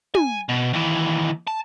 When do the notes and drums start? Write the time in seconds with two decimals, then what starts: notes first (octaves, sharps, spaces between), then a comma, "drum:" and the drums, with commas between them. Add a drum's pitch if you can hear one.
0.15 G#5, drum: tom
0.49 B2
0.73 D#2 E3
1.48 A5